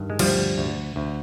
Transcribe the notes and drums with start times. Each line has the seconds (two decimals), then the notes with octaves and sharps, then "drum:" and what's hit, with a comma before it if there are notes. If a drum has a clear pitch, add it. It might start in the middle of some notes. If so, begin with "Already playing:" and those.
Already playing: G2 D#3
0.10 G#3
0.19 D2 F3 G3, drum: cymbal
0.58 D2
0.96 D2